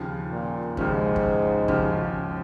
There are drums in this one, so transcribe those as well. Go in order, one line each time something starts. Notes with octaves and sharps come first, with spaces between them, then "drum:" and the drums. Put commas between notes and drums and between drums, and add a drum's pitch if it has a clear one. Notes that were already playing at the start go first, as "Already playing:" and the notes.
Already playing: D#2 C#3 F3
A#2
D#2 G#2 C#3 F3, drum: kick
drum: kick
D#2 C#3 F3, drum: kick